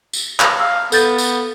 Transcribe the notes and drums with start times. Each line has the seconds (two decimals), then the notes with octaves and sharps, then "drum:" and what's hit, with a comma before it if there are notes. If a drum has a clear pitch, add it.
0.13 drum: tambourine
0.40 drum: clap
0.60 F5 E6
0.92 B3 A4 G6 A6, drum: tambourine
1.18 drum: tambourine